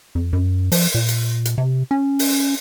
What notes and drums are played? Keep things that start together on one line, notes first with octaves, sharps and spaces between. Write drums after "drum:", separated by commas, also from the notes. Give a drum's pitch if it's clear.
F2
F#2
F3, drum: open hi-hat
A#2
drum: hi-hat
drum: hi-hat
C3
C#4
drum: open hi-hat